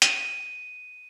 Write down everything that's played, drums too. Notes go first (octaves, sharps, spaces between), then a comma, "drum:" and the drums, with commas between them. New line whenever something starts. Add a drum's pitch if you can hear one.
D#7, drum: hi-hat